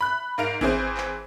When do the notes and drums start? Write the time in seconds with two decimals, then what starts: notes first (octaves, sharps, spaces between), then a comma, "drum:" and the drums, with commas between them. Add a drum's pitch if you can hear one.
0.01 B5 F#6
0.38 G#2 A#4 F5 D7 F7
0.61 E3 C4 G#4 C5, drum: kick G#1
0.97 drum: clap